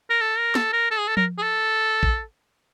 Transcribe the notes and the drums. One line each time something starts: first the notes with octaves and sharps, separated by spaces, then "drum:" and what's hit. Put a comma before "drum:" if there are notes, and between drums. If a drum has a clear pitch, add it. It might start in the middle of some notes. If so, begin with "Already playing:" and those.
A#4
A4
A#4
A4, drum: snare
A#4
A4
G#4
A4
A#4, drum: tom F3
G#4
A4
drum: kick A#1